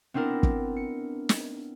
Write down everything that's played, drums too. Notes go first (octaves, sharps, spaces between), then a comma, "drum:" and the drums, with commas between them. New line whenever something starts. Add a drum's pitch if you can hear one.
B3 C4 D4 E4 A#4
drum: kick
C#7
drum: snare